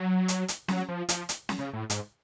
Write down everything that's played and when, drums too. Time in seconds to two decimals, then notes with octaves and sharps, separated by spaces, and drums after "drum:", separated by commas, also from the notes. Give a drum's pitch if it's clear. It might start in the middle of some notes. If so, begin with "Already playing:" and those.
Already playing: F#3
0.28 drum: hi-hat
0.48 drum: hi-hat
0.68 F#3, drum: snare C#4
0.88 F3
1.09 F3, drum: hi-hat
1.29 drum: hi-hat
1.49 drum: snare C#4
1.59 C#3
1.73 A2
1.90 G#2, drum: hi-hat